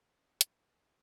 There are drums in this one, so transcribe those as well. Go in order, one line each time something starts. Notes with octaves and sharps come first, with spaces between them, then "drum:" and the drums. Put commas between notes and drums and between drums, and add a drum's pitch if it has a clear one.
C#4
B4, drum: hi-hat
D#3